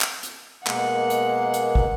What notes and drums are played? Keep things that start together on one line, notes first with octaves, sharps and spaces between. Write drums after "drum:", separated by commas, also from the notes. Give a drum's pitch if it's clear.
drum: clap
drum: hi-hat
B2 G#3 A#3 F#5, drum: clap
drum: hi-hat
drum: hi-hat
drum: kick